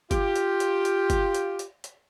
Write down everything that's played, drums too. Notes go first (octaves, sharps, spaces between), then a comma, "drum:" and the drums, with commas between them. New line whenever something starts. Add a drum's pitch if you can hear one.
F4 G4, drum: kick, hi-hat
drum: hi-hat
drum: hi-hat
drum: hi-hat
drum: kick, hi-hat
drum: hi-hat
drum: hi-hat
drum: hi-hat